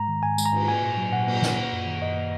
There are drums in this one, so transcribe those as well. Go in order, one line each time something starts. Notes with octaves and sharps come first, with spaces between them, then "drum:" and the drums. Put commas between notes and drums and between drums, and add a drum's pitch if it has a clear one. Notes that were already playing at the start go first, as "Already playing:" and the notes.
Already playing: G#2 G#3 A#5
D#3
G#2 G#5
G#3, drum: tambourine
A#5
G#2, drum: cymbal
A#3 G#5
A#2
F#3
A#2 F#5
A#3, drum: cymbal
A#2, drum: snare
A#3
F#2
D#3
F#2 D#5
A#3